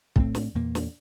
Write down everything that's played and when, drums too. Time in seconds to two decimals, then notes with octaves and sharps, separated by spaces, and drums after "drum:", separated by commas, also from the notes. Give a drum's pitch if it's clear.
0.16 A2 A3 C4, drum: kick B1
0.35 drum: snare
0.55 E2 A#2 A#3
0.75 drum: snare